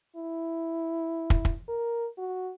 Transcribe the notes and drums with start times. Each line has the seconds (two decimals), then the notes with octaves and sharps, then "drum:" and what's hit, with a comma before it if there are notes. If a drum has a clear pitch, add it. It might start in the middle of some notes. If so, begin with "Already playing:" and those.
0.16 E4
1.30 drum: kick
1.45 drum: kick
1.68 A#4
2.18 F#4